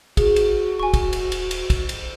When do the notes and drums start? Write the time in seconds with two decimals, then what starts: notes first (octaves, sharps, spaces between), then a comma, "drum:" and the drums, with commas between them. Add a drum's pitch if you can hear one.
0.17 G#1 F#4 G#4, drum: kick, cymbal
0.36 drum: cymbal
0.79 D#1 G#5 C#6
0.94 drum: kick, cymbal
1.13 drum: cymbal
1.32 drum: cymbal
1.51 drum: cymbal
1.70 drum: kick, cymbal
1.89 drum: cymbal